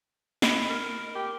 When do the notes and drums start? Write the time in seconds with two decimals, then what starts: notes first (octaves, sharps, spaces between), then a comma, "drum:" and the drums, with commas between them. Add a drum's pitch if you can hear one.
0.42 D#5 B5, drum: snare
0.70 A#4
1.15 G4